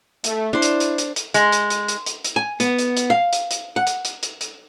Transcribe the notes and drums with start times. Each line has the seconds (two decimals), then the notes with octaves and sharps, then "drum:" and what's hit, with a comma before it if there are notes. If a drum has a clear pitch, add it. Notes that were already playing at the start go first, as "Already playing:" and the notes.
0.24 A3, drum: hi-hat
0.53 D4 E4 C5
0.62 drum: hi-hat
0.80 drum: hi-hat
0.98 drum: hi-hat
1.16 drum: hi-hat
1.34 G#3, drum: hi-hat
1.52 drum: hi-hat
1.70 drum: hi-hat
1.88 drum: hi-hat
2.06 drum: hi-hat
2.24 drum: hi-hat
2.36 G#5
2.60 B3, drum: hi-hat
2.79 drum: hi-hat
2.97 drum: hi-hat
3.10 F5
3.33 drum: hi-hat
3.51 drum: hi-hat
3.76 F#5
3.87 drum: hi-hat
4.05 drum: hi-hat
4.23 drum: hi-hat
4.41 drum: hi-hat